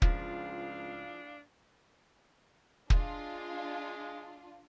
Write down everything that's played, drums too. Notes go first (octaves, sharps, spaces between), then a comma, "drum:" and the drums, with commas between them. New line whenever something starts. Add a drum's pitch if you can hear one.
C#2 A2 F3 D4 G#4 F5, drum: kick
G#3 D4 F4, drum: kick